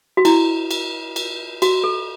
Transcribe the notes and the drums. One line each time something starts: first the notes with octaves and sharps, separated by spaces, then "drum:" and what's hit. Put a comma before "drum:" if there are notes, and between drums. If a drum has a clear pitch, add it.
F#4
E4, drum: cymbal
drum: cymbal
drum: cymbal
F#4, drum: cymbal
A4